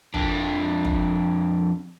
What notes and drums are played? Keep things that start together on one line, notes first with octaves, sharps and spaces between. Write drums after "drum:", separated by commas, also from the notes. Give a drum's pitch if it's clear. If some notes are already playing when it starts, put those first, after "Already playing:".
F2 D4, drum: kick
drum: kick